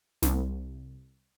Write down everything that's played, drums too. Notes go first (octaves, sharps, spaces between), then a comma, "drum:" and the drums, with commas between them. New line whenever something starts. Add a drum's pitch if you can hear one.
C2, drum: snare